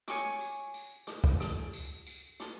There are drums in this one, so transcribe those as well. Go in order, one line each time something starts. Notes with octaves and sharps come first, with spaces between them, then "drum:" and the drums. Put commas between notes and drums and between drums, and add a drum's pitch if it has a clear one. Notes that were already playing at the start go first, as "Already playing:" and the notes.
C#5 G#5 C#6 D6, drum: rim click
drum: tambourine
drum: tambourine
drum: rim click
drum: kick
drum: rim click
drum: tambourine
drum: tambourine
drum: rim click